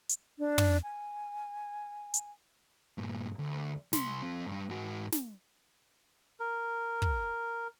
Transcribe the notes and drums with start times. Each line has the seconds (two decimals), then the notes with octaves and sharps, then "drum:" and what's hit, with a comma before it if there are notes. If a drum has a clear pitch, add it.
0.09 drum: hi-hat
0.39 D4
0.58 drum: tom
0.83 G#5
2.14 drum: hi-hat
2.98 G2 A#2
3.39 D2
3.93 C2 C6, drum: snare
4.22 F3 C4
4.47 G2 G3
4.69 G#2 F#4
5.12 drum: snare
6.40 A#4
7.02 drum: kick